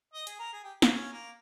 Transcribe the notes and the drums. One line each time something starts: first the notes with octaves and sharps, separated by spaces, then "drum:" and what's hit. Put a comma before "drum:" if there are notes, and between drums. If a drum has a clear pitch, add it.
D#5
G#4, drum: hi-hat
A#4
G#4
G4
D#4, drum: snare
C#4
A#3